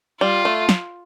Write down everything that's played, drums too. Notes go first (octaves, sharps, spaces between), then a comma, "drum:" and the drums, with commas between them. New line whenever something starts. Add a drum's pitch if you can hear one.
G3 F4
A3
drum: snare